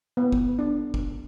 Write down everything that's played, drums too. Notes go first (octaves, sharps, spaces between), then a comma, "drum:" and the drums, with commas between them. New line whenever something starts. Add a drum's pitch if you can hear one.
B3
drum: kick
D4
drum: kick